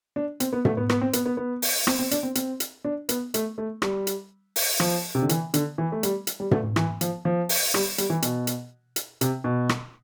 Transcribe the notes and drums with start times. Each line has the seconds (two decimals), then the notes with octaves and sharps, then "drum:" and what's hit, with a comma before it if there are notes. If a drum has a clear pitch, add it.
0.16 D4
0.40 C4, drum: hi-hat
0.53 B3
0.65 A3, drum: tom
0.77 B3
0.89 B3, drum: rim click
1.01 C4
1.13 B3, drum: hi-hat
1.26 B3
1.37 B3
1.62 drum: open hi-hat
1.87 C4, drum: rim click
1.99 C4
2.11 D4, drum: hi-hat
2.23 C4
2.35 C4, drum: hi-hat
2.60 drum: hi-hat
2.84 D4
3.09 B3, drum: hi-hat
3.34 A3, drum: hi-hat
3.58 A3
3.82 G3, drum: rim click
4.07 drum: hi-hat
4.56 drum: open hi-hat
4.80 F3, drum: rim click
5.15 C3
5.22 D3
5.29 E3, drum: hi-hat
5.54 D3, drum: hi-hat
5.78 E3
5.92 A3
6.03 G3, drum: hi-hat
6.27 drum: hi-hat
6.40 G3
6.51 A3, drum: tom
6.76 E3, drum: rim click
7.01 F3, drum: hi-hat
7.25 F3
7.49 drum: open hi-hat
7.74 G3, drum: rim click
7.98 G3, drum: hi-hat
8.10 E3
8.22 B2, drum: hi-hat
8.47 drum: hi-hat
8.96 drum: hi-hat
9.21 C3, drum: hi-hat
9.44 B2
9.69 drum: rim click